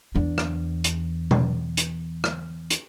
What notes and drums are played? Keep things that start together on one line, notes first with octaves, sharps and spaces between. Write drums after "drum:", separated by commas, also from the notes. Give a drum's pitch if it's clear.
E2 D4
drum: rim click
drum: hi-hat
drum: tom B2
drum: hi-hat
drum: rim click
drum: hi-hat